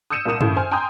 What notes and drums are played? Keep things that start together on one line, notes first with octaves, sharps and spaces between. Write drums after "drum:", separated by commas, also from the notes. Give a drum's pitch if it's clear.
D#6 E6 G6 C#7 D#7 E7
C2 A#2 A#4 D#6 E7
D#2 A2 C#3, drum: tom
C5 G#5 F6
G5 G#5 A#5 C6 D#6 G6